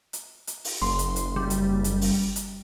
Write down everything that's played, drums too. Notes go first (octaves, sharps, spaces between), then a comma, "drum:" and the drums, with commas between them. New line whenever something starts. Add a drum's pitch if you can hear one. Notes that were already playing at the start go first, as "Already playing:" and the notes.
drum: hi-hat
drum: hi-hat
drum: open hi-hat
F#1 C6
drum: hi-hat
drum: hi-hat
G3
drum: hi-hat
drum: hi-hat
drum: open hi-hat
drum: hi-hat